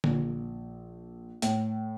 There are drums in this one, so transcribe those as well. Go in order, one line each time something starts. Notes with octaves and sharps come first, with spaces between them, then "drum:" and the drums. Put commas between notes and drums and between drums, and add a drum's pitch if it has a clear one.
A#1, drum: tom D3
A2, drum: hi-hat